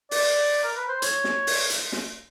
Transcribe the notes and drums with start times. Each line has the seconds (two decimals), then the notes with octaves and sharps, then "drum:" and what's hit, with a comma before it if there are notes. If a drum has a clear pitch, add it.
0.11 D5, drum: open hi-hat
0.64 A#4
0.76 B4
0.88 C5
1.02 C#5, drum: hi-hat
1.24 drum: snare
1.47 drum: open hi-hat
1.70 drum: hi-hat
1.92 drum: snare